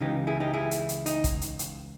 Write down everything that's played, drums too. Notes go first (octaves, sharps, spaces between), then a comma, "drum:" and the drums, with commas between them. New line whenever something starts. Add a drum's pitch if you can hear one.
C#2 C#3 E3 D#4 G4
E4 G#4
D#4 G4
E4 G#4
drum: hi-hat
drum: hi-hat
D#4, drum: hi-hat
drum: kick, hi-hat
drum: hi-hat
drum: hi-hat